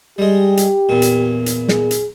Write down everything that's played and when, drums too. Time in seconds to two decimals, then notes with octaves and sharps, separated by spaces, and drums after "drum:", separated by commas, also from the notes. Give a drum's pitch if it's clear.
0.18 G3 G#3 G4
0.57 drum: hi-hat
0.89 E2 A#2
1.02 drum: hi-hat
1.46 drum: hi-hat
1.68 G#4, drum: snare
1.91 drum: hi-hat